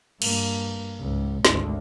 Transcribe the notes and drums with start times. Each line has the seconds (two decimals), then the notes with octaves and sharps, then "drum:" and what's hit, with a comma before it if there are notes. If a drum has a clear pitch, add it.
0.22 G2 A#3, drum: cymbal
1.00 C#2 G#2
1.45 G#1 D2, drum: snare